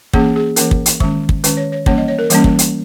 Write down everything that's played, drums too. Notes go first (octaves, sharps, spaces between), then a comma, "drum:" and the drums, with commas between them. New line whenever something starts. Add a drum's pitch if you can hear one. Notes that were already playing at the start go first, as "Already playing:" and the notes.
E3 A#3 C#4 G#4, drum: kick
G#4
E3 A#3 C#4 A#4, drum: hi-hat
drum: kick
drum: hi-hat
D#3 G#3 C#4, drum: kick
drum: kick
D#3 G#3 C#4 B4, drum: hi-hat
C#5
C#5
E3 G3 A#3 C#4 C#5, drum: kick
D#5
C#5
A#4
E3 G3 A#3 C#4, drum: hi-hat
drum: kick
drum: hi-hat